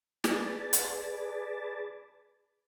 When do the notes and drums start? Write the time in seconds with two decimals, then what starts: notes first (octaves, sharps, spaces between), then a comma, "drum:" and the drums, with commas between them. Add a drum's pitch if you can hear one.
0.24 G#4 B4 D5 A5, drum: snare
0.73 drum: hi-hat